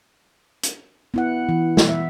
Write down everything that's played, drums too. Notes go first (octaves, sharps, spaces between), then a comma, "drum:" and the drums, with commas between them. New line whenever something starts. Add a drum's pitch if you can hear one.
drum: hi-hat
B3 E4 F#5
E3
drum: snare
E5